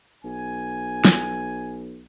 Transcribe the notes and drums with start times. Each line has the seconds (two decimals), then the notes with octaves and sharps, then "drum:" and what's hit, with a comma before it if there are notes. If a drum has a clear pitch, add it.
0.24 B1 G#5
1.05 drum: snare